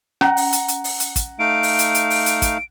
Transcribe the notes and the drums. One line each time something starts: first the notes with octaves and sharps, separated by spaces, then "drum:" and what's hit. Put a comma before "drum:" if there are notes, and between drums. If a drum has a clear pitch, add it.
C#4 F#5 A#5 F#6, drum: rim click
drum: open hi-hat
drum: hi-hat
drum: hi-hat
drum: open hi-hat
drum: hi-hat
drum: kick, hi-hat
A3 D#4 F5 D7
drum: open hi-hat
drum: hi-hat
drum: hi-hat
drum: open hi-hat
drum: hi-hat
drum: kick, hi-hat